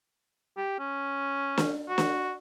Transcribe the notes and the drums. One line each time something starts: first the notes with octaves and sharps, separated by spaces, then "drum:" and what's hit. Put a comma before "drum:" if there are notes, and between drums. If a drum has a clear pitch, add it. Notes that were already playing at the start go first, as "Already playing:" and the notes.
G4
C#4
drum: snare
F#4
drum: snare